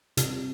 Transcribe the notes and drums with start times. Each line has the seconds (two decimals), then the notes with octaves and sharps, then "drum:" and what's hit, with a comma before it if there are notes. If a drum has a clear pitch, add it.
0.17 C3, drum: hi-hat